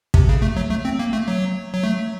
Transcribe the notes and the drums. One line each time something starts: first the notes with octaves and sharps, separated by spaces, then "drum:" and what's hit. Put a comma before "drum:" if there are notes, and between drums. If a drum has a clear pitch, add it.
C3, drum: kick
C#3
A3
F#3
A3
C4
A#3
A3
F#3
F#3
A3